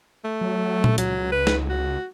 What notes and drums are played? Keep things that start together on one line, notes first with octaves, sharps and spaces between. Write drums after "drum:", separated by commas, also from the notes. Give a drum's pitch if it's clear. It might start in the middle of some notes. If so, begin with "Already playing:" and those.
A3
F#3
drum: tom A#2
C#2 F#3, drum: hi-hat
B4
drum: snare
F#4